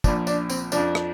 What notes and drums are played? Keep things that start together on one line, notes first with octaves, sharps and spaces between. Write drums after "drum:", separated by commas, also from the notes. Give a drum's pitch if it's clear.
A#1 A#2 F3 D4, drum: kick, tambourine
D4, drum: tambourine
C4, drum: tambourine
F2 F3 D4, drum: tambourine
drum: rim click